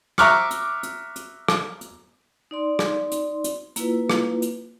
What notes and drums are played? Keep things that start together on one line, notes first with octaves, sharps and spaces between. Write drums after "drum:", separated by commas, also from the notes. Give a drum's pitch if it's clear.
E5 A#5 C#6 D6 F6 F#6, drum: rim click
drum: hi-hat
drum: hi-hat
drum: hi-hat
drum: rim click
drum: hi-hat
D#4 D5 C6
drum: rim click
drum: hi-hat
drum: hi-hat
A#3 E4 F4 B4, drum: hi-hat
drum: rim click
drum: hi-hat